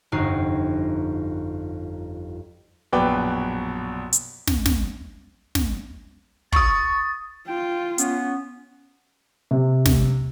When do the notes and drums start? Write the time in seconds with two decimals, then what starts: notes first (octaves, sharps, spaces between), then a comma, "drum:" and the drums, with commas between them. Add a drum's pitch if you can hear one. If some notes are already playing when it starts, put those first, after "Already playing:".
0.12 G1 F2 D#4 F#4 C7
2.93 A#1 F#2 B2 B4 G5 D6
4.13 drum: hi-hat
4.47 drum: snare
4.66 drum: snare
5.55 drum: snare
6.52 C#6 D#6 A6, drum: kick
7.48 F4 G5
7.98 B3 C#4, drum: hi-hat
9.51 C3
9.86 drum: snare